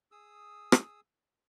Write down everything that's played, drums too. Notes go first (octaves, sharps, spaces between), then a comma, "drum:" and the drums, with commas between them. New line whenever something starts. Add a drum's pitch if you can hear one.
G#4 D#6 E6
drum: rim click